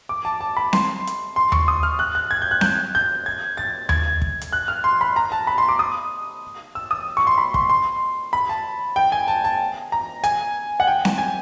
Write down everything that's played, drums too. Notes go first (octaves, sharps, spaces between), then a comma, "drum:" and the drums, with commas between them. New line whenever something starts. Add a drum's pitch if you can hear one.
D6
A5
A5
B5
C6, drum: snare C4
drum: hi-hat
C6
C#6, drum: tom D#2
D#6
F6
F#6
F#6
G#6
G6
F#6
G6, drum: snare C4
G6
G#6
A6
G#6, drum: tom D#2
drum: kick
drum: hi-hat
F#6
F6
C6
B5
A#5
A5
B5
C6
D6
D#6
E6
D#6
C#6
C6
B5
C6, drum: kick
C6
B5
A5
G5
G#5
A5
A5
A#5
G#5, drum: hi-hat
F#5
G5
drum: snare C4
G#5